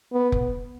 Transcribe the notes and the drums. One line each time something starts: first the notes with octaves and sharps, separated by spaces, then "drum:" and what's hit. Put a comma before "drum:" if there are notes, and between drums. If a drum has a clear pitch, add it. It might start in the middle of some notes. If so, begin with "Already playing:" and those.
B3
drum: kick F1